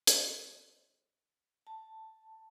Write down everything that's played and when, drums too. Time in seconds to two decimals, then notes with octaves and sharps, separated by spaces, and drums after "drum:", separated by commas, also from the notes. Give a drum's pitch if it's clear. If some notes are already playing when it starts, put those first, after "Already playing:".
0.07 drum: hi-hat
1.67 A5